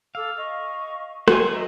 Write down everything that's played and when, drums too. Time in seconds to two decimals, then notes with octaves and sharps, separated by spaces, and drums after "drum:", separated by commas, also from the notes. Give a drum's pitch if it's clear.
0.15 A4 F5 D6 E6
0.37 D#5 C#6
1.28 F#3 F#4 G5 G#5 C6, drum: rim click
1.53 D#4 A#4 D#5 E5